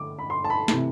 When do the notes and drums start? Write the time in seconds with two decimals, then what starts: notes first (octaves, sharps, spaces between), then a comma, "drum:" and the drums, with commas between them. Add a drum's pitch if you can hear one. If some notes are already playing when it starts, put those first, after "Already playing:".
Already playing: D3 A3 D6
0.19 B5
0.30 C6
0.44 A5
0.50 B5
0.68 C3 E3 A3, drum: snare